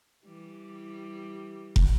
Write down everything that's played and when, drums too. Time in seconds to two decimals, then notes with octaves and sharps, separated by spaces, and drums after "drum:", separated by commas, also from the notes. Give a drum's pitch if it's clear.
0.25 E3 G3
1.76 drum: kick